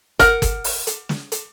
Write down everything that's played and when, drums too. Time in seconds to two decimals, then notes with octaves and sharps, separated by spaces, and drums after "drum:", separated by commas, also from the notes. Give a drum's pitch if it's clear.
0.19 A#4 F#5, drum: kick, hi-hat
0.42 drum: kick, hi-hat
0.64 drum: open hi-hat
0.87 drum: hi-hat
1.09 drum: snare
1.32 drum: hi-hat